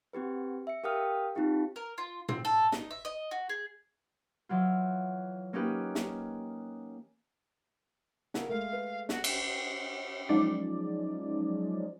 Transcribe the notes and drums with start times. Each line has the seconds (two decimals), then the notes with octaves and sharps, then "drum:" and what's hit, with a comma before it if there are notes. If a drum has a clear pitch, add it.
0.13 C4 F#4 G4 B4
0.67 E5 C#7
0.84 G4 A#4 F5 G5 D#6 F6
1.35 C4 D#4 F4 G4 F5
1.76 A#4
1.98 F4
2.29 C4, drum: tom
2.45 A4
2.72 D#4, drum: snare
2.91 E5
3.05 D#5
3.31 F#4
3.49 G#4
4.49 E3 F#3 F4
5.53 A#3 C#4 D#4 G4 B4
5.95 drum: snare
8.34 C#3 E3 E4 A#4 F#5, drum: snare
8.49 G#3 A3 A#4 F5
8.73 B4
9.09 F#4, drum: snare
9.24 drum: cymbal
10.29 F3 F#3 G#3 C#4 D#4 D5